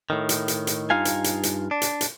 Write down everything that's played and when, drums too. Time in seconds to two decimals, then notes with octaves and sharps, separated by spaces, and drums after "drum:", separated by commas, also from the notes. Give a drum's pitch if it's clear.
0.10 A2 D#3
0.29 drum: hi-hat
0.48 drum: hi-hat
0.67 drum: hi-hat
0.90 G2 D#4 F4 F5 G#5
1.05 drum: hi-hat
1.24 drum: hi-hat
1.43 drum: hi-hat
1.71 D4
1.82 drum: hi-hat
2.01 drum: hi-hat